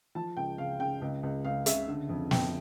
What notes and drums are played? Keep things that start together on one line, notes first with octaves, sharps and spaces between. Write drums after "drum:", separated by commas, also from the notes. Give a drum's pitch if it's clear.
F3 A5
C#2 G5
C#3 F5
C#3 G5
C#2
C#2
C#2 F5
C#3 E5, drum: hi-hat
D3
F2
F2 G5, drum: snare